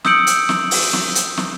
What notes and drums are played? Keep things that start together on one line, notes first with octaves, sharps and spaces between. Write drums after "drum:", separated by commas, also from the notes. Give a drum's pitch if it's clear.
D#6 E6 G6 C#7 D7 F#7, drum: snare
drum: hi-hat
drum: snare
drum: open hi-hat
drum: snare
drum: hi-hat
drum: snare